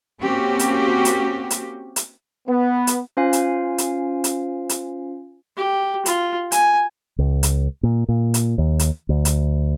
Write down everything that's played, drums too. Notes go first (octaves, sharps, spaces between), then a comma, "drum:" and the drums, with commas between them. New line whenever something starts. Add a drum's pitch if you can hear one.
A#3 C4 C#4 F#4 G4
drum: hi-hat
drum: hi-hat
drum: hi-hat
drum: hi-hat
B3
drum: hi-hat
C#4 F4 C5 F5 G#5
drum: hi-hat
drum: hi-hat
drum: hi-hat
drum: hi-hat
G4
F4, drum: hi-hat
G#5, drum: hi-hat
C#2
drum: hi-hat
A#2
A#2
drum: hi-hat
D#2
drum: hi-hat
D2
drum: hi-hat